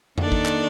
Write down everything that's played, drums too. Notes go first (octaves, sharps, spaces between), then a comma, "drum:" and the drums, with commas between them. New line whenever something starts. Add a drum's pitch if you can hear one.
D#3 A#3 D4 A4 D5, drum: tom F2
drum: kick
drum: clap